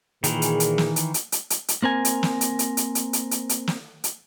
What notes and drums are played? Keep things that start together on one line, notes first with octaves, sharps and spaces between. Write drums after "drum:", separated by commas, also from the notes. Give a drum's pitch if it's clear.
A#2 D#3 E3 G#4, drum: hi-hat
drum: hi-hat
drum: hi-hat
drum: snare
drum: hi-hat
drum: hi-hat
drum: hi-hat
drum: hi-hat
drum: hi-hat
A#3 C4 A#4 G#5
drum: hi-hat
drum: snare
drum: hi-hat
drum: hi-hat
drum: hi-hat
drum: hi-hat
drum: hi-hat
drum: hi-hat
drum: hi-hat
drum: snare
drum: hi-hat